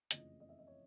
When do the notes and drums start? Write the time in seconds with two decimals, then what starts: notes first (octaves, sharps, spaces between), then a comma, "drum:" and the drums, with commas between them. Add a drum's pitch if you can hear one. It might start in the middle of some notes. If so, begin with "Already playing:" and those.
0.11 F#1 F2 C#3 E3 A3 D#5, drum: hi-hat
0.40 D#5
0.49 E5
0.59 D#5
0.67 C#5